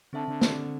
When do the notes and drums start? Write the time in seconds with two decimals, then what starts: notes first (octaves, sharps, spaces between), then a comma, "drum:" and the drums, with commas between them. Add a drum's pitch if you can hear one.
0.13 D3 C4 A4 E5 A5
0.28 D3
0.41 C4 A4 D5, drum: snare